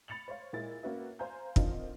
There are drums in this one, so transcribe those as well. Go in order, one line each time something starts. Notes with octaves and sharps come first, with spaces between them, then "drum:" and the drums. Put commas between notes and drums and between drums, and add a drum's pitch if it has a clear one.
B5 A6 C#7 F7 F#7
C5 C#5 F5
A#2 G#3 E4 A6
A#3 C#4 F#4 B4 E5
C5 F5 G#5 A#5 G6
D3 D#3 C4 D4 D#4 F4, drum: kick